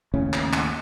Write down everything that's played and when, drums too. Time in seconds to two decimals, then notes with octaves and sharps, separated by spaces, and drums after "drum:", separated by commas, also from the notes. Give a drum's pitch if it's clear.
0.14 D#2 A2 C#3 C#4
0.33 drum: clap
0.53 drum: clap